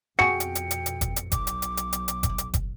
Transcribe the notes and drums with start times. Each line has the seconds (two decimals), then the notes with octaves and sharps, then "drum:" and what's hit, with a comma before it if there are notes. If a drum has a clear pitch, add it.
0.19 F2 B2 F#4 G#4 G5 C#7
0.40 drum: hi-hat
0.55 drum: hi-hat
0.71 drum: hi-hat
0.86 drum: hi-hat
1.01 drum: kick F#1, hi-hat
1.16 drum: hi-hat
1.32 B1 D6, drum: kick F#1, hi-hat
1.47 drum: hi-hat
1.62 drum: hi-hat
1.77 drum: hi-hat
1.93 drum: hi-hat
2.08 drum: hi-hat
2.23 drum: kick F#1, hi-hat
2.38 drum: hi-hat
2.54 drum: kick F#1, hi-hat